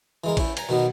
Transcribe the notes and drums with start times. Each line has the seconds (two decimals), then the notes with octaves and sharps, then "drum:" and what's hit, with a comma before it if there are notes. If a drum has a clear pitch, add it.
0.24 E3 G#3 A#4
0.37 C#4 E4, drum: kick, cymbal
0.57 G#5 A#5, drum: cymbal
0.69 B2 D#3 F#3 B3